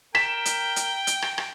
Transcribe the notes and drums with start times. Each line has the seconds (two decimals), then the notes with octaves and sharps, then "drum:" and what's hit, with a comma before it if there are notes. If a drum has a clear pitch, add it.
0.15 A#4 G5 B6 E7, drum: rim click
0.45 drum: hi-hat
0.76 drum: hi-hat
1.07 drum: hi-hat
1.22 drum: rim click
1.38 drum: rim click